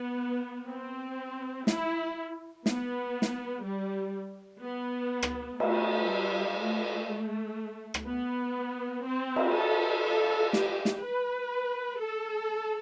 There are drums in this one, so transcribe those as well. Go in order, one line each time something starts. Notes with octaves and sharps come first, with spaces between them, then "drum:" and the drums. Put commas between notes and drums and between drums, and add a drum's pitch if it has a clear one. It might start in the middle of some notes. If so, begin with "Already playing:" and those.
Already playing: B3
C4
E4, drum: snare
B3, drum: snare
drum: snare
G3
B3
drum: rim click
A3, drum: cymbal
G3
A3
drum: rim click
B3
C4
drum: cymbal
A4
A4
G4, drum: snare
drum: snare
B4
A4